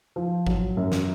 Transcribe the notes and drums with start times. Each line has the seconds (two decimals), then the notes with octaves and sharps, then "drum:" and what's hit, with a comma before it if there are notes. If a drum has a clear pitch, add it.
0.16 F3
0.47 F#3, drum: kick
0.77 F#2
0.92 drum: snare